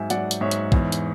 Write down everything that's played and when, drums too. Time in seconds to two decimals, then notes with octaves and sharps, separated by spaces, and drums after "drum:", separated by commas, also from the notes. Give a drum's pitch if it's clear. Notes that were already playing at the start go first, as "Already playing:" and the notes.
Already playing: G#2 F#3 E5 G#5
0.10 F#3 D5 F#5, drum: hi-hat
0.31 drum: hi-hat
0.41 G#2 C#5 E5
0.51 drum: hi-hat
0.72 E2, drum: kick
0.92 drum: hi-hat